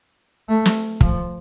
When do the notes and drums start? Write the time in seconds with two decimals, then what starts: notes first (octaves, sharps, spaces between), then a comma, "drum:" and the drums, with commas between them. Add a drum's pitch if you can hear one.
0.49 A3
0.66 drum: snare
1.01 F3, drum: kick